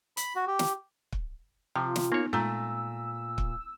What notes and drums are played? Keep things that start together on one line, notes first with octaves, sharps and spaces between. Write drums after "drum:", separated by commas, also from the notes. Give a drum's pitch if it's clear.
B5, drum: hi-hat
F#4
G4
drum: snare
drum: kick
C3 F3 F4 G5
drum: snare
A#3 B3 D#4 C#5
A#2 G#3 A3 F4 A#5 E6
drum: kick